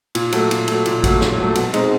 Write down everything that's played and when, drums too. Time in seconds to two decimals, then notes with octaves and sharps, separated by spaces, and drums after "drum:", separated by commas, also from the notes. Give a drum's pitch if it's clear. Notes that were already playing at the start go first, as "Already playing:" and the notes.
0.15 A#2, drum: cymbal
0.32 F#3 A3, drum: cymbal
0.51 A#2, drum: cymbal
0.68 F#3 A3, drum: cymbal
0.85 A#2, drum: cymbal
1.04 F#3 A3, drum: kick A1, cymbal
1.21 A#2, drum: snare
1.38 F#3 A3
1.55 B2, drum: cymbal
1.74 G#3 C4 D#4, drum: cymbal